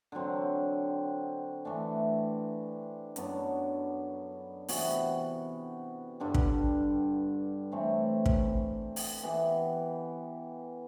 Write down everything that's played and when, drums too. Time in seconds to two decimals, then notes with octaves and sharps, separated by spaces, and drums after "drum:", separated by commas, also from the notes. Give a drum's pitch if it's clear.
0.12 D3 F#3 C4
1.65 E3 A3 D4
3.16 F#2 F#3 B3 D4, drum: hi-hat
4.68 C3 E3 B3 F#4, drum: open hi-hat
6.20 G2 D3 G3 D4
6.34 drum: kick
7.72 A2 E3 A3 C4
8.26 drum: kick
8.96 drum: open hi-hat
9.23 E3 B3 E4 G4